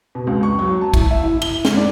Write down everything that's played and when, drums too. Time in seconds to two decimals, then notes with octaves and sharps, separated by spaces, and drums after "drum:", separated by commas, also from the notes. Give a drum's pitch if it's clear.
0.15 B2
0.27 C#2
0.43 C#6
0.59 F#3
0.81 A5
0.94 E4, drum: kick, cymbal
1.11 E5
1.23 E4
1.42 G7, drum: cymbal
1.65 G#2, drum: snare
1.76 D5